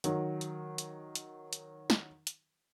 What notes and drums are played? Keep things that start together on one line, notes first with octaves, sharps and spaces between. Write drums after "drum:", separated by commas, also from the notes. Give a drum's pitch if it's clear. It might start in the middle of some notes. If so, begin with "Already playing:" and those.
D#3 F#3, drum: hi-hat
drum: hi-hat
drum: hi-hat
drum: hi-hat
drum: hi-hat
drum: snare
drum: hi-hat